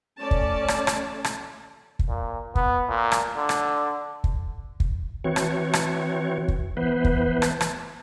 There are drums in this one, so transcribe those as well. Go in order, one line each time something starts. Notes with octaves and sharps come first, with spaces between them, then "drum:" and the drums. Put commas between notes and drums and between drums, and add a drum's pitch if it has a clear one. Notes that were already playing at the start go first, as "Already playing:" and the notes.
A3 C#4 D5 A5
drum: kick
drum: rim click
drum: rim click
drum: rim click
drum: kick
A#2
B3, drum: kick
A#2
drum: rim click
D3
drum: rim click
drum: kick
drum: kick
E3 C4 F#4 C#5
drum: rim click
drum: rim click
drum: kick
E3 B3 B4 C5
drum: kick
drum: rim click
drum: rim click